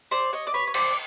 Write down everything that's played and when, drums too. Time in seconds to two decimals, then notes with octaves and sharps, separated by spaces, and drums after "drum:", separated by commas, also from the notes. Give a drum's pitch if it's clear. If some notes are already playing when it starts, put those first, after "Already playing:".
0.11 C5 D5
0.33 C#5 D#5
0.47 D5
0.54 B4 C#5
0.67 C#5
0.74 C5 D5, drum: cymbal